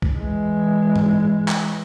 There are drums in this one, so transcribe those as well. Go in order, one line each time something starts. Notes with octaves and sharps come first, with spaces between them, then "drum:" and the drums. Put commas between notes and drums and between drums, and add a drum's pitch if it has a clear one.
drum: kick B1
E3 G#3
drum: tom
drum: clap